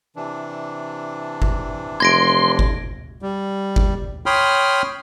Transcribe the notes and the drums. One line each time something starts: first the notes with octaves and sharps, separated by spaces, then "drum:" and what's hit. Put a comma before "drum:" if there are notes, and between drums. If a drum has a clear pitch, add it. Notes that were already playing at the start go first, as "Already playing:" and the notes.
C3 E3 D4
drum: kick G1
F1 C6 G#6 A#6 D7
drum: kick G1
G3
drum: kick G1
C#5 G5 B5 C6 D#6 F6